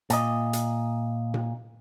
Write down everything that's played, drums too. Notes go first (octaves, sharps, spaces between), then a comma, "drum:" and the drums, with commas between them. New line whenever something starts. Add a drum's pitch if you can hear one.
A#2 D#5, drum: hi-hat
drum: hi-hat
drum: tom A#2